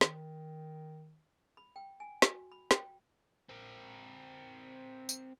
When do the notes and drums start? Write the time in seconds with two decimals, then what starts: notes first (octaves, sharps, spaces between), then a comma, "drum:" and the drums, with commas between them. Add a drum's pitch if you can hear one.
0.01 D#3, drum: snare
1.57 B5
1.76 G5
2.00 G#5
2.22 F#4, drum: snare
2.52 B5
2.71 G5, drum: snare
3.49 C4 A#4
5.09 drum: tambourine